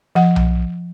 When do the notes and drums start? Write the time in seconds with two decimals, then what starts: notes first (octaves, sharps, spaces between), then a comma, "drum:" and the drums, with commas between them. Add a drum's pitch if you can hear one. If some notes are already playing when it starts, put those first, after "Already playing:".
0.15 F3 F#5
0.36 drum: tom B1